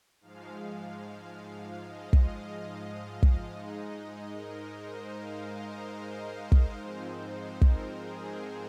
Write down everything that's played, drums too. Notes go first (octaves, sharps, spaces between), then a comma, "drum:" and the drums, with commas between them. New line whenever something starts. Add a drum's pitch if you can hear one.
G#2 F3 G#3 F5
D#5
drum: kick
D#5
D#5
drum: kick
G#2 G#3 D#4
A#4
C5
F5
D#5
C5
drum: kick
G#2 F3 G#3 C4 D#4 C5
C5
A#4, drum: kick
G#4